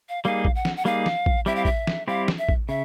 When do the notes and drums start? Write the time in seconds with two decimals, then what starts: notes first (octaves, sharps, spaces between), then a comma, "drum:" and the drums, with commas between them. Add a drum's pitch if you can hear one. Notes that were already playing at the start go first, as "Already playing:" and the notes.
0.09 F5
0.24 G3 A#3 D#4 G#4 F5
0.45 drum: kick A1
0.55 F#5
0.65 drum: snare
0.77 F#5
0.85 G3 A#3 D#4 G#4 F5
1.06 drum: snare
1.26 drum: kick A1
1.46 G3 C4 E4 G4 E5
1.56 F5
1.65 E5, drum: kick A1
1.87 drum: snare
2.08 G3 C4 E4 G4 F5
2.28 drum: snare
2.38 E5
2.49 drum: kick A1
2.69 C#3 E5